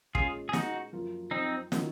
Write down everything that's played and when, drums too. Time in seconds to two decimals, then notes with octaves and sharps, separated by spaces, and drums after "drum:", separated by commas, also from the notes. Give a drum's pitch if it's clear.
0.15 A#2 G#3 C#4 F4 G#4, drum: kick
0.49 G#4
0.53 D#4 F#4, drum: snare
0.93 F#2 F3 A#3 F4
1.31 C4 D#4
1.72 D#3 F#3 C#4 F4, drum: snare